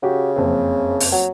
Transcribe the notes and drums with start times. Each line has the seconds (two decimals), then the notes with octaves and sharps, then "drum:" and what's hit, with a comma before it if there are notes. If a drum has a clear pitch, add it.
0.03 C#3 F#4 G4
0.36 F#1 F2 C4
1.00 drum: open hi-hat
1.12 F#3 F#5